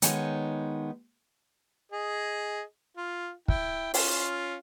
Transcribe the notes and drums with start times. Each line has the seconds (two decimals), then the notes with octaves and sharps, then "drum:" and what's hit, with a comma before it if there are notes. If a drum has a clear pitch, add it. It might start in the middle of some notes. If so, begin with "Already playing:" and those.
0.02 D#3 G#3 B3 D#4 C#5, drum: hi-hat
1.92 G#4 D#5
2.97 F4
3.48 E4 G5, drum: kick
3.94 C#4 F4, drum: open hi-hat